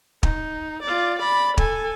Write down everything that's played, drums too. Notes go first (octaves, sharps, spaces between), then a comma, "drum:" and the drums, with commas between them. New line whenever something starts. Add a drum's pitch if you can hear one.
D#4, drum: kick
F4 D5
D5 B5
A4 G#5, drum: kick